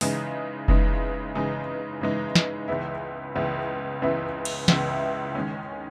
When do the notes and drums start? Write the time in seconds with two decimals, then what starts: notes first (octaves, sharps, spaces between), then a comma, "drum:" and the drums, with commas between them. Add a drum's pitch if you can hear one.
0.01 C#3 E3 G#3 D#4, drum: open hi-hat
0.68 C#3 E3 G#3 D#4, drum: kick F1
1.35 C#3 E3 G#3 D#4
2.01 C#3 E3 G#3 D#4
2.36 drum: snare
2.68 C#2 C#3 E3 B3 E4
3.35 C#2 C#3 E3 B3 E4
4.02 C#2 C#3 E3 B3 E4
4.45 drum: cymbal
4.68 C#2 C#3 E3 B3 E4, drum: snare
5.35 D#3 G#3 C#4